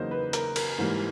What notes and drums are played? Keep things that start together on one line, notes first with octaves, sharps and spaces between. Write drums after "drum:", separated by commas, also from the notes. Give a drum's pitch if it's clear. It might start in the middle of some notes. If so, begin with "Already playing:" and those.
Already playing: E2 C#3 F#3 A#3 D#4 C5
B4
A#4, drum: hi-hat
A#4, drum: cymbal
G#2 E3 G3 A#3